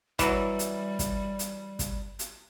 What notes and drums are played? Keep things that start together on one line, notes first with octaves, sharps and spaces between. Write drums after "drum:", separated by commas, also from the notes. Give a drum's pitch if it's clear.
E3 F#3 G3, drum: kick, hi-hat
drum: hi-hat
drum: kick, hi-hat
drum: hi-hat
drum: kick, hi-hat
drum: hi-hat